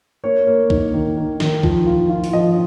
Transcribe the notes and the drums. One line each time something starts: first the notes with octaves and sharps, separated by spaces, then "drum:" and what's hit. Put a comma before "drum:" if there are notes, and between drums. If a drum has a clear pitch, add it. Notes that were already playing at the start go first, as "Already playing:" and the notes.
A#3 C#5
A#3
D#4, drum: kick
D#3
D#3
D#3, drum: snare
F3, drum: kick
F4
F4
drum: open hi-hat
F3 D#5